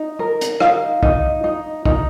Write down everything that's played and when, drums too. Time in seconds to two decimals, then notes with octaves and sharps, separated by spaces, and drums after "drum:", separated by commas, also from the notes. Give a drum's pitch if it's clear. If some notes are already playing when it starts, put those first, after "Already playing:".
Already playing: D#4
0.19 A#4
0.41 drum: hi-hat
0.60 D#4 F5, drum: rim click
1.03 D#4, drum: kick
1.44 D#4
1.85 D#4, drum: kick